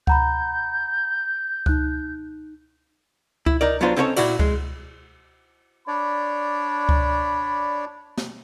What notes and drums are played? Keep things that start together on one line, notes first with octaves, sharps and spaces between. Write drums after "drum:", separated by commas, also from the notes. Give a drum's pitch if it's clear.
F#5 A#5 B5 G6, drum: kick C#2
D#4 F#6, drum: kick C#2
E4, drum: kick C#2
D#4 A#4 D5
F#3 B3 D4 F4 C5
C4 C#4 D#4 E4 A4 C#5
A#2 E4 F#4 D5, drum: cymbal
G#3, drum: kick C#2
D4 C#5 D5 B5
drum: kick C#2
drum: snare